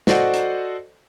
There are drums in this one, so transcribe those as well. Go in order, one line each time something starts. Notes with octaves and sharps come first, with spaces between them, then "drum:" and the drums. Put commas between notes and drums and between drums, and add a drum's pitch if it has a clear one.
F#4 A4 C5 D5 D#5 F#5, drum: snare
drum: hi-hat